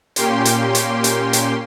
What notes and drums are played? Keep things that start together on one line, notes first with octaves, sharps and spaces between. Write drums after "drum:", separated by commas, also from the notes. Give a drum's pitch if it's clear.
A#2 A#3 C#4 G4 G5 C6, drum: hi-hat
drum: hi-hat
drum: hi-hat
drum: hi-hat
drum: hi-hat